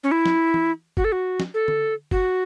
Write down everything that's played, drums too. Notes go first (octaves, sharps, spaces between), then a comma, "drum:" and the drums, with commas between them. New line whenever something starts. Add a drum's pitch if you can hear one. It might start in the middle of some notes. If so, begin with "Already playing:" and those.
C#4
E4
drum: snare
drum: tom
F#4, drum: kick G1
A4
F#4
drum: snare
A4
drum: tom D3
F#4, drum: kick G1